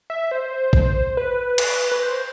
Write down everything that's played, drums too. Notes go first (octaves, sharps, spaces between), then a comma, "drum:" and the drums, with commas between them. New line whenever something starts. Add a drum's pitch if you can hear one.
E5
C5
drum: kick A#1
B4
drum: cymbal
B4
C5